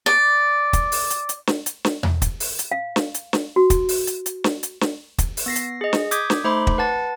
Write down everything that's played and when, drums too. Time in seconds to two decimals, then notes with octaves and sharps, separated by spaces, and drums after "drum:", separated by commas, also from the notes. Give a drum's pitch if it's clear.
0.06 D5
0.73 drum: kick, hi-hat
0.92 drum: open hi-hat
1.10 drum: hi-hat
1.29 drum: hi-hat
1.47 drum: snare
1.66 drum: hi-hat
1.85 drum: snare
2.03 drum: tom E2
2.22 drum: kick, hi-hat
2.40 drum: open hi-hat
2.59 drum: hi-hat
2.72 F5
2.96 drum: snare
3.14 drum: hi-hat
3.33 drum: snare
3.56 F#4
3.70 drum: kick, hi-hat
3.89 drum: open hi-hat
4.07 drum: hi-hat
4.26 drum: hi-hat
4.44 drum: snare
4.63 drum: hi-hat
4.81 drum: snare
5.18 drum: kick, hi-hat
5.37 drum: open hi-hat
5.46 B3 A#6 C7
5.56 drum: hi-hat
5.81 G#4 D#5
5.93 drum: snare
6.11 D6 D#6 G6 G#6 B6, drum: hi-hat
6.30 drum: snare
6.44 A3 D#4 C5 B5 C6 D6
6.67 drum: kick
6.78 B4 F#5 A5 A6